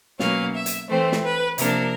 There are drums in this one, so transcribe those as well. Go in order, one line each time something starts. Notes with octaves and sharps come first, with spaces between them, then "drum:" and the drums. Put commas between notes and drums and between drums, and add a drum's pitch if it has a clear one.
B2 F#3 A#3 C#4 F5, drum: snare
E5
drum: hi-hat
E3 A3 C4 C5
drum: snare
B4
C3 F3 A#3 D4 A#4, drum: hi-hat